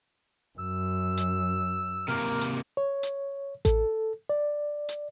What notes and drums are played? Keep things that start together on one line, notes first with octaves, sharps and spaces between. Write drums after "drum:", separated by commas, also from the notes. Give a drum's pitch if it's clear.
F#2 E6
drum: hi-hat
C3 A#3 A#4
drum: hi-hat
C#5
drum: hi-hat
A4, drum: kick A1, hi-hat
D5
drum: hi-hat